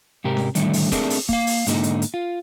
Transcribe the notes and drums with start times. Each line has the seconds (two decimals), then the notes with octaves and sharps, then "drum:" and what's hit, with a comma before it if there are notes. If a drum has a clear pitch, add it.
0.24 G#2 C3 G4 A#4
0.37 drum: snare C#4
0.55 A2 D3 D#3 G3 A3, drum: hi-hat
0.73 drum: open hi-hat
0.92 A3 C4 D4 G#4 A#4, drum: kick, hi-hat
1.10 drum: open hi-hat
1.29 A#3 F5, drum: kick
1.47 drum: open hi-hat
1.67 G#2 D3 A#3 D#4, drum: hi-hat
1.83 drum: hi-hat
2.02 drum: hi-hat
2.14 F4